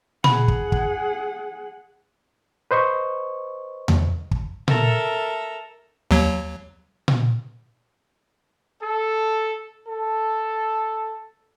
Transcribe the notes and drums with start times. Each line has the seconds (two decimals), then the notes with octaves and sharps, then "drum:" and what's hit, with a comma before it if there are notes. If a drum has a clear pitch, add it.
0.24 G#4 F#5 B5, drum: tom A#2
0.48 drum: kick
0.72 drum: kick
2.71 B4 C5 D#5 C#6
3.88 drum: tom E2
4.31 drum: kick
4.68 A4 A#4 E5, drum: tom A#2
6.11 D#2 F#3
7.08 drum: tom A#2
8.82 A4
9.88 A4